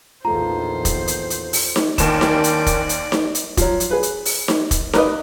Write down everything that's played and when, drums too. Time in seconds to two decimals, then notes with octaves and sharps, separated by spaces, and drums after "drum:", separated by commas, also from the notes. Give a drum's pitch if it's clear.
0.25 A#1 E2 D#3 F4 A4 C5 A#5
0.85 drum: kick E1, hi-hat
1.08 drum: hi-hat
1.30 drum: hi-hat
1.53 drum: open hi-hat
1.76 drum: snare D#4
1.98 D#2 D#3 C#4 D4 C5 D5 E7, drum: kick E1, hi-hat
2.21 drum: snare D#4
2.44 drum: hi-hat
2.66 drum: kick E1, hi-hat
2.89 drum: hi-hat
3.12 drum: snare D#4
3.35 drum: hi-hat
3.57 F3 F#3, drum: kick E1, hi-hat
3.80 drum: hi-hat
3.91 G#4 B4
4.03 drum: hi-hat
4.25 drum: open hi-hat
4.48 drum: snare D#4
4.71 drum: kick E1, hi-hat
4.93 A#4 B4 D5 D#5, drum: snare D#4